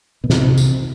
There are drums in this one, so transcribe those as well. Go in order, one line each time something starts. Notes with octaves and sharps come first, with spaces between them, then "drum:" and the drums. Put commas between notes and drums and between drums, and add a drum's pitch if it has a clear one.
B2
C3, drum: snare
drum: tambourine